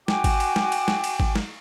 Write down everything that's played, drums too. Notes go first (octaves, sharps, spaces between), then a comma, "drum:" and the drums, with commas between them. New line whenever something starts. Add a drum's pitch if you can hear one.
F#4 G5 G#5 D6, drum: snare
drum: kick G#1, cymbal
drum: cymbal
drum: snare
drum: cymbal
drum: snare
drum: cymbal
drum: kick G#1
drum: snare